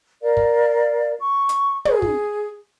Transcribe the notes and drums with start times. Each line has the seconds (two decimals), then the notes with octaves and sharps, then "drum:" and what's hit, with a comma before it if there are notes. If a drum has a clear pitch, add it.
0.22 A#4 D5 F5
0.37 drum: kick
1.19 C#6
1.49 drum: hi-hat
1.85 G#4, drum: tom
2.02 drum: kick